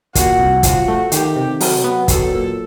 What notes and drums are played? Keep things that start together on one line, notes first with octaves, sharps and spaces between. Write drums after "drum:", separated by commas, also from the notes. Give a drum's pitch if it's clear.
A#2 F#4, drum: kick, hi-hat
C2
F3 F#4, drum: kick, hi-hat
A3
D#3 G4, drum: hi-hat
C3
F#3, drum: open hi-hat
B3
F#3 A4, drum: kick, hi-hat
A#2